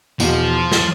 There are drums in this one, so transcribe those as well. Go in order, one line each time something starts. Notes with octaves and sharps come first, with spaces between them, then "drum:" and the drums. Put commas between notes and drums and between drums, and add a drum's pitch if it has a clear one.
E2 B2 F3, drum: tambourine
F6 A6, drum: snare